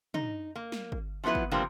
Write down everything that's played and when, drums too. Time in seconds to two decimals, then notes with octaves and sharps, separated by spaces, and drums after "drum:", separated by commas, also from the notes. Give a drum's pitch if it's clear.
0.14 D#4, drum: tom
0.56 A#3
0.72 drum: snare
0.92 drum: kick
1.24 F3 F#3 B3 E4 B4
1.35 drum: kick
1.51 C3 F3 G3 A#3 C4 D4